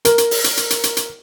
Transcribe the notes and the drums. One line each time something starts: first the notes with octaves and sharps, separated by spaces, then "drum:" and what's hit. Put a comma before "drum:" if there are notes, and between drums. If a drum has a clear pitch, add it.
A#4, drum: hi-hat
drum: hi-hat
drum: open hi-hat
drum: hi-hat
drum: hi-hat
drum: hi-hat
drum: hi-hat
drum: hi-hat